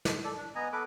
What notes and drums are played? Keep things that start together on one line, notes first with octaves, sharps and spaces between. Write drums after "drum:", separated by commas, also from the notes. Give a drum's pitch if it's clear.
drum: snare
A4 D5
D4
B3 D#5 G#5 A#5
B3 A4 B4 D6